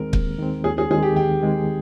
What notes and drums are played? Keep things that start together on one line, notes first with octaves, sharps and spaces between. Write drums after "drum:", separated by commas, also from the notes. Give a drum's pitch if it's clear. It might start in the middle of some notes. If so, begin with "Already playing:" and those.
Already playing: D#2 D#3 G#3 C4 A#4
D#2, drum: kick
D#3 G#3 C4
D#2 G#4
G#4
D#3 G#3 C4 G#4
G4
D#2 G4
D#3 G#3 C4